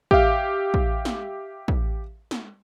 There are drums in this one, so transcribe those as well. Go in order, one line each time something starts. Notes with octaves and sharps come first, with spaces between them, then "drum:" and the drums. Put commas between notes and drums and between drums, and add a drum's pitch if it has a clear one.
G4 E5 F5, drum: kick
drum: kick
drum: snare
drum: kick
drum: snare